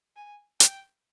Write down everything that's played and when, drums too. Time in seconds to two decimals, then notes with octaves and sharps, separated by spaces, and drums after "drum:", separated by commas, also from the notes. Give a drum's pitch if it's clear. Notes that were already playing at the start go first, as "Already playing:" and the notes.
0.16 G#5
0.60 G5, drum: hi-hat